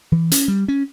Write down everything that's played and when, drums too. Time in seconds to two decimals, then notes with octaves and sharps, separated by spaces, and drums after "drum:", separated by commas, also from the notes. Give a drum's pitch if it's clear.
0.12 E3
0.32 C#4, drum: hi-hat
0.48 G3
0.68 C#4